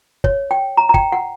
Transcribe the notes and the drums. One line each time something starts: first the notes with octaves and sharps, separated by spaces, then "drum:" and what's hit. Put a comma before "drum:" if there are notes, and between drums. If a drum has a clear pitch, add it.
C#5, drum: kick
G5
A#5
A#5
G5, drum: kick
F#5